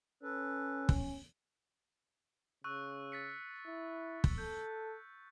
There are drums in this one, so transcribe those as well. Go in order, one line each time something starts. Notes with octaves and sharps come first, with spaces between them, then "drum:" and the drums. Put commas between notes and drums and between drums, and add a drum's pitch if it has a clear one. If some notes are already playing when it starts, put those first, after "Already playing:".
C#4 A4 B4
drum: kick
C#3 C#6 E6 F#6
A6 B6 C#7
E4
drum: kick
A4 G6